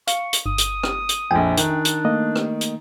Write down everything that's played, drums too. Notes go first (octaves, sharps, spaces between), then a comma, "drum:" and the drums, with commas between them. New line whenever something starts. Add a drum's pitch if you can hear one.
F5 C#6, drum: hi-hat
drum: hi-hat
G1 D#6
drum: hi-hat
drum: rim click
drum: hi-hat
A#1 F2 G5 G#5
D#3 D4, drum: hi-hat
drum: hi-hat
A3 A#3 D#5
drum: rim click
drum: hi-hat